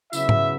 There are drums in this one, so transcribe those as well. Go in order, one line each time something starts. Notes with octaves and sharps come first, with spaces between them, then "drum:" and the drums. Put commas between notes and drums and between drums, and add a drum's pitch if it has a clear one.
C#3 F#3 B3 E4 E5, drum: tambourine
drum: tom G#2